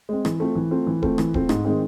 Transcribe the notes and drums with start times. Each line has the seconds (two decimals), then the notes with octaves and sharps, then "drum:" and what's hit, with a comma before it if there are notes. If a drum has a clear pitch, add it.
0.09 G#3 C4
0.25 E3, drum: rim click
0.40 A3 C4 F4
0.56 E3
0.71 A3 C4 F4
0.87 E3
1.02 A3 C4 F4, drum: kick D#1
1.18 E3, drum: rim click
1.34 A3 C4 F4, drum: kick D#1
1.49 G#2, drum: rim click
1.65 D#3 G#3 C4